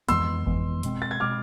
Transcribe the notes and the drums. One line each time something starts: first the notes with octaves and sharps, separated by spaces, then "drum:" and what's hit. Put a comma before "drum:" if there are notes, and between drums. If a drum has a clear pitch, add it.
F2 E3 G#3 B3 C6 E6, drum: hi-hat
F2 E3 G#3 B3, drum: kick G1
B2 G#3 C4, drum: hi-hat
A6
G#6
B2 G#3 C4 D6 F6